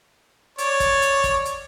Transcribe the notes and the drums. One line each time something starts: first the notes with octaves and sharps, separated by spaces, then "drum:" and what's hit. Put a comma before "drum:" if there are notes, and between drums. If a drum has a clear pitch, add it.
C#5 D5, drum: hi-hat
drum: kick, hi-hat
drum: hi-hat
drum: kick, hi-hat
drum: hi-hat